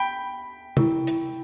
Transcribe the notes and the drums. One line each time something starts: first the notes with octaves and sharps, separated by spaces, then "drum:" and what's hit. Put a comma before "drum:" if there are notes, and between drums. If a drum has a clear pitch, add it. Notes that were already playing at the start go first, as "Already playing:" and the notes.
Already playing: G5 B5
E4 G4 A#4, drum: tom
drum: hi-hat